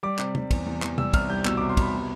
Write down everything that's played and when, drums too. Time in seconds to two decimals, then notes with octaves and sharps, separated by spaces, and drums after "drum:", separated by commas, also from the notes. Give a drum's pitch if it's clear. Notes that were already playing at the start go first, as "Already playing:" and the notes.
0.03 G3 D6
0.19 C3, drum: clap
0.35 G3, drum: tom C3
0.51 E2, drum: kick, cymbal
0.66 E2
0.82 E2, drum: clap
0.98 G3 E6, drum: tom C3
1.13 C2 F6, drum: kick, cymbal
1.30 G3 G6
1.45 B2 E6, drum: clap
1.57 C2 D6
1.69 C6
1.77 C2 B5, drum: kick, cymbal
1.93 B2